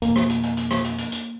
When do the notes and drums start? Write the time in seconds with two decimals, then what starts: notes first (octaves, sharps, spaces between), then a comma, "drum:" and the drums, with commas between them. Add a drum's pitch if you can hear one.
0.02 F2 B2 A#3, drum: hi-hat
0.16 drum: rim click
0.29 drum: hi-hat
0.43 drum: hi-hat
0.57 drum: hi-hat
0.71 drum: rim click
0.84 drum: hi-hat
0.98 drum: hi-hat
1.12 drum: hi-hat